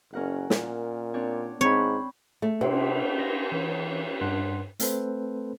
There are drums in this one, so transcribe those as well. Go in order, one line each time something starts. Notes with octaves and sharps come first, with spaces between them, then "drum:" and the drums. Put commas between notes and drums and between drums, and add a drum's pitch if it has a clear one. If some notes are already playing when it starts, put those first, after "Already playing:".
F#1 C#4 A#4 F#5
A#2, drum: snare
C4 D4 C#5
G#2 C4 D4 C#5 B5
A3
C3, drum: cymbal
A#6
E3
G2 D4 F#5 C6 F#6
A3 C4 A4 B4 C5, drum: hi-hat